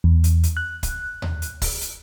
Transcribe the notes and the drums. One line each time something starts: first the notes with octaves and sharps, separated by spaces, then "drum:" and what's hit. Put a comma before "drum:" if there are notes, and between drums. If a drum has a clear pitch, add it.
E2
drum: hi-hat
drum: hi-hat
F#6
drum: kick, hi-hat
drum: tom D#2
drum: hi-hat
drum: kick, open hi-hat
drum: hi-hat